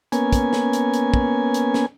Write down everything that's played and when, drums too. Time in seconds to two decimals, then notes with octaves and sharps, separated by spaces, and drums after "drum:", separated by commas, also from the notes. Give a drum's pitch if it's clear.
0.12 A#3 B3 C#4 G#5, drum: hi-hat
0.33 drum: kick, hi-hat
0.53 drum: snare
0.73 drum: hi-hat
0.93 drum: hi-hat
1.14 drum: kick
1.54 drum: hi-hat
1.74 drum: snare